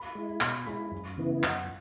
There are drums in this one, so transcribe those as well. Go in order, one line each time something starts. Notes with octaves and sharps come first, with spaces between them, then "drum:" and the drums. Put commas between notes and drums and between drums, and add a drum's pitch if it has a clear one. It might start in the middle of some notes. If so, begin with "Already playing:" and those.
Already playing: B5
G#3 E4
B2 B5, drum: clap
G#3 E4 B5
F#2
C#3 E3 B3 E4
F#2 F#5, drum: clap